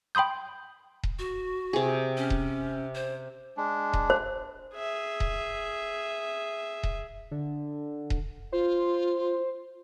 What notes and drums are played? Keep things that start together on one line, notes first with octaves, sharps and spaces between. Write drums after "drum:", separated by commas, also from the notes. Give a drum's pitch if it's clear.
G5 B5 C6 D#6 G6
drum: kick D#1
F#4
C3 G#4
C#4
drum: kick D#1
C5
G#3 D4
drum: kick D#1
C5
G#4 E5
drum: kick D#1
drum: kick D#1
D3
drum: kick D#1
F4 C5